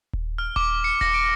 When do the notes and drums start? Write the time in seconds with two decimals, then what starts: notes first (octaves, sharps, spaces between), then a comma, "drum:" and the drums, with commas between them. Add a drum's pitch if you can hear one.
0.13 drum: kick D#1
0.38 F6
0.56 D6, drum: kick D#1
0.84 C#7
1.01 A#6, drum: kick D#1
1.14 D7